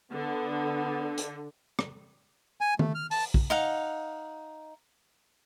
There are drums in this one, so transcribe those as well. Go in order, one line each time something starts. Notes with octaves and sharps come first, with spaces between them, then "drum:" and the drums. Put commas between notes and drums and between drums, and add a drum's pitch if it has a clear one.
D3 B3
drum: hi-hat
drum: rim click
G#5
A3, drum: tom D#3
F6
A5, drum: open hi-hat
drum: kick
D#4 F5 F#5